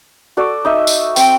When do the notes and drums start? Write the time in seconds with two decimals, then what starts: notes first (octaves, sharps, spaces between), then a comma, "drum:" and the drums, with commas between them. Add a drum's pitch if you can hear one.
0.37 F#4 A4 D5
0.65 D#4 D#5 E5
0.87 drum: tambourine
1.16 C4 G5, drum: tambourine